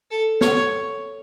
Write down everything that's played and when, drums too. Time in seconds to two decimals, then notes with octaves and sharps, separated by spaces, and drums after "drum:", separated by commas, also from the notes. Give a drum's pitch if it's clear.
0.11 A4
0.41 C#5, drum: snare